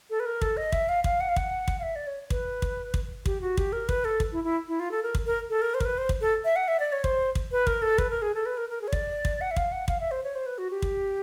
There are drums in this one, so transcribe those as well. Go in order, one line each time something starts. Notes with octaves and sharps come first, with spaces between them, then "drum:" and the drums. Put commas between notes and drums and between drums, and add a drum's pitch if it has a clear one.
A4
B4
A#4
A4, drum: kick
D#5
E5, drum: kick
F5
F5, drum: kick
F#5
F5
F#5, drum: kick
drum: kick
F5
E5
D5
C#5
B4, drum: kick
drum: kick
drum: kick
G4, drum: kick
F#4
G4, drum: kick
A#4
B4, drum: kick
A4
drum: kick
E4
E4
E4
F4
A4
A#4
drum: kick
A#4
A4
A#4
C5
A#4, drum: kick
B4
C5
drum: kick
A4
E5
F#5
E5
D5
C#5
C5, drum: kick
drum: kick
B4
A#4, drum: kick
A4
B4, drum: kick
A#4
G#4
A4
B4
A#4
A#4
G#4
C#5
D5, drum: kick
drum: kick
F#5
E5
F5, drum: kick
F#5
F5, drum: kick
E5
C5
C#5
C5
B4
F#4
G4
drum: kick